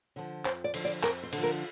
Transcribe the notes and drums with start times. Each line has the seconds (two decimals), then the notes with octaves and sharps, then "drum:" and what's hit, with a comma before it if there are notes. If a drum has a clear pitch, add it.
0.16 D3 F3
0.45 F2 C5, drum: clap
0.64 D5
0.74 D3 F3, drum: cymbal
0.85 D5
1.04 F2 A#4, drum: clap
1.23 C5
1.33 D3, drum: cymbal
1.38 F3
1.43 A#4